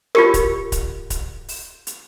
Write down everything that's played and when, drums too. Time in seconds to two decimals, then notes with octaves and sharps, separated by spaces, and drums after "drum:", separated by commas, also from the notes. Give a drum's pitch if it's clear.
0.15 F4 G4 A#4, drum: rim click
0.34 drum: kick D1, hi-hat
0.72 drum: kick D1, hi-hat
1.10 drum: kick D1, hi-hat
1.48 drum: open hi-hat
1.87 drum: hi-hat